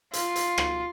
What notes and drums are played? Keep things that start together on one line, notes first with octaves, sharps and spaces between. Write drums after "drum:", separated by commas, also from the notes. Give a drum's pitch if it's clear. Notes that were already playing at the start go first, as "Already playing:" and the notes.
F4, drum: hi-hat
drum: hi-hat
drum: rim click